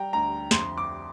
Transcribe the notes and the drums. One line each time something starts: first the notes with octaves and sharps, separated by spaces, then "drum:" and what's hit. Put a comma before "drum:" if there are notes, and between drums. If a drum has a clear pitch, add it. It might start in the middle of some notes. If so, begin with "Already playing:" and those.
Already playing: G3 G5 A#5
D2 A#5
F2 C6, drum: snare
D6